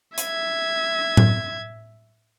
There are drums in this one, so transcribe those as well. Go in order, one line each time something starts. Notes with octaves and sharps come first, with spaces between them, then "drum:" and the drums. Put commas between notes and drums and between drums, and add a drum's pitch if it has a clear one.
E5 G#6, drum: hi-hat
drum: tom A2